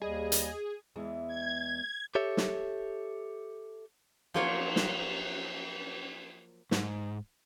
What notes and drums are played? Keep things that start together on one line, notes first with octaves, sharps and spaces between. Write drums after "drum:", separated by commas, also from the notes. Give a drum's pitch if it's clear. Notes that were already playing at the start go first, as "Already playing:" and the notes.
D#2 G3 G#4 D#5
drum: hi-hat
E2 E3 G#3
G#6
G4 A4 C#5 E5
drum: snare
F3 F#3 A#3 F4 C#5 D5, drum: cymbal
drum: snare
G#2, drum: snare